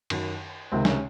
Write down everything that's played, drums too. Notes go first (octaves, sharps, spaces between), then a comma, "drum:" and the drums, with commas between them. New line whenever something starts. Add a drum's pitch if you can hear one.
F#2 D#3, drum: cymbal
C#2 C3 D#3 C4
C#4, drum: snare